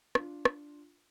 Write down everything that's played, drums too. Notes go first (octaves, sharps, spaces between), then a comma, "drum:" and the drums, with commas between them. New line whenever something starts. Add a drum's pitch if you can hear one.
D4 F4, drum: rim click
drum: rim click